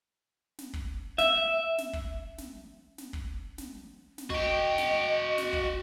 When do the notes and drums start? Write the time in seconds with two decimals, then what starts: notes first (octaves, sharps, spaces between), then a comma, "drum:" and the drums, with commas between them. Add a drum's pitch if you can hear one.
0.58 drum: snare
0.73 drum: kick
1.18 E5, drum: snare
1.78 drum: snare
1.93 drum: kick
2.38 drum: snare
2.98 drum: snare
3.13 drum: kick
3.58 drum: snare
4.18 drum: snare
4.30 F#4 D#5 G5, drum: kick
4.78 drum: snare
5.38 drum: snare
5.53 drum: kick